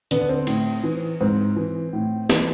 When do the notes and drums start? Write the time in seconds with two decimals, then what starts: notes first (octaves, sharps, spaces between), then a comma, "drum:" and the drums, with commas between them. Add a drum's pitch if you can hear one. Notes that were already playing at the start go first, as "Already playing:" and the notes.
0.11 D3 B3, drum: hi-hat
0.22 B3
0.29 C4
0.47 A2, drum: cymbal
0.84 E3
1.21 G#2 C4
1.56 E3
1.93 A2
2.30 E3, drum: snare